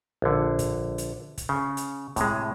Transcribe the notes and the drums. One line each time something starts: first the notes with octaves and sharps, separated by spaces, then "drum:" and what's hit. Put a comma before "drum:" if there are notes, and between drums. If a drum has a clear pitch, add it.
A#1 D3
drum: kick, hi-hat
drum: hi-hat
drum: kick, hi-hat
C#3
drum: hi-hat
A2 C3 G#3, drum: kick, hi-hat